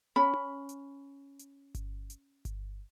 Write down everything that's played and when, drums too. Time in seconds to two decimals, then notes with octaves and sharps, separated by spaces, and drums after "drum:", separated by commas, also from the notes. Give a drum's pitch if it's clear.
0.16 C#4 B5
0.34 drum: tom C#4
0.69 drum: hi-hat
1.39 drum: hi-hat
1.75 drum: kick G1, hi-hat
2.10 drum: hi-hat
2.45 drum: kick G1, hi-hat